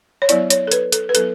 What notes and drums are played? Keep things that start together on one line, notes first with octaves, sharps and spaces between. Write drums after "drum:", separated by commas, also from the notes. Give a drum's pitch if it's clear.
C#5
F#3 B3 E4 D5, drum: hi-hat
C#5, drum: hi-hat
A4
B4, drum: hi-hat
A4, drum: hi-hat
B4
F#3 B3 E4 A4, drum: hi-hat